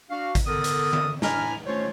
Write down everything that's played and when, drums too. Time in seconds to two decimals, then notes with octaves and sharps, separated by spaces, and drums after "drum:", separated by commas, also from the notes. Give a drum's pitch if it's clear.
0.10 D4 F#4 F5
0.35 drum: kick A1, hi-hat
0.47 D3 B3 A4 A#4 D#6
0.64 drum: hi-hat
0.93 drum: tom D3
1.22 A2 D4 G#5 A#5 B5 F6, drum: snare
1.66 A3 C#4 F4 C5 C#5